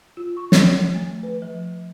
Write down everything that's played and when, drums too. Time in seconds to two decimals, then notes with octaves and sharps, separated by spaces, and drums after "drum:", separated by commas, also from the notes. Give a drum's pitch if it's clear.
0.17 F4
0.37 C#6
0.52 D#3, drum: snare
0.71 F3
0.95 A3
1.23 B4
1.42 F3